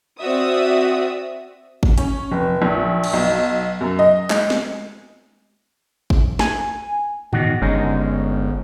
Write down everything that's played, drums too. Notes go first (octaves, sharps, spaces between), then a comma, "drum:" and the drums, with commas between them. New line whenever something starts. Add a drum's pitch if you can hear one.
C4 F#4 D5 E5 D#6
drum: kick
C#4, drum: hi-hat
F1
A#1
drum: cymbal
B1
F#2
D#5
G#3, drum: clap
drum: snare
drum: kick
G#5, drum: snare
E2 D#3 F#4, drum: tom G#2
G1 G#3 C#4 D#4